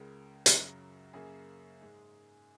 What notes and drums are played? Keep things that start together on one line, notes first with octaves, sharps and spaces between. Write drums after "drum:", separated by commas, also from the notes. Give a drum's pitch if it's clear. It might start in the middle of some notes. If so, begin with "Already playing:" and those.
Already playing: C#2 C#3 G#3 A#4
F#2 C#3 F#3, drum: hi-hat
F#2 C#3 A#3 G#4
G#2 G#3